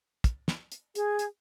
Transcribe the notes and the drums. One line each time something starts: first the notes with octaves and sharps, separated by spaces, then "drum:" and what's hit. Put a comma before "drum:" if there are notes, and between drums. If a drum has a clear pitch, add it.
drum: kick, hi-hat
drum: snare
drum: hi-hat
G#4, drum: hi-hat
drum: hi-hat